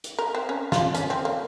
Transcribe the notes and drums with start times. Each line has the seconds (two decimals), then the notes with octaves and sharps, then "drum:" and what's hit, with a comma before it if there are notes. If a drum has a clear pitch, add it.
0.04 drum: hi-hat
0.19 A#4
0.35 C4
0.49 C#4
0.72 F4, drum: snare
0.94 C#4, drum: hi-hat
1.10 C4
1.25 A#3